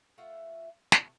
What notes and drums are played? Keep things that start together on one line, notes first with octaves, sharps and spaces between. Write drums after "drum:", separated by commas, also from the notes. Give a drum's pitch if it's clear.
A3 F4 E5 F#5
C3 A3 A4, drum: snare